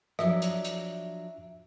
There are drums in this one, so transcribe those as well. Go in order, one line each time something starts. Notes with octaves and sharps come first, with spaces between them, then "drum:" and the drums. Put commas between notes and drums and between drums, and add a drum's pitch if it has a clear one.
F3 F#3 D4 E5, drum: rim click
drum: hi-hat
drum: hi-hat